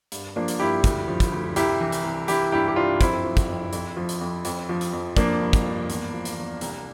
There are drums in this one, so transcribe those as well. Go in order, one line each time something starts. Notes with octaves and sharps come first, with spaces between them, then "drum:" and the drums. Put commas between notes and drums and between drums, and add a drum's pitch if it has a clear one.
G2, drum: hi-hat
F3 A#3 D4
drum: hi-hat
G2 E4 G4
D2, drum: kick, hi-hat
F3
drum: kick, hi-hat
D2
C2 E4 G4, drum: hi-hat
E3
drum: hi-hat
C2
E3 E4 G4, drum: hi-hat
G2 E4 G4
G4
G2 D4 F4
F2 C4 E4, drum: kick, hi-hat
F3
drum: kick, hi-hat
F2
F2, drum: hi-hat
F3
drum: hi-hat
F2
F2, drum: hi-hat
F3
drum: hi-hat
F2
F3 A#3 D4, drum: kick, hi-hat
G2
drum: kick, hi-hat
G2
E2, drum: hi-hat
F3
drum: hi-hat
E2
C2, drum: hi-hat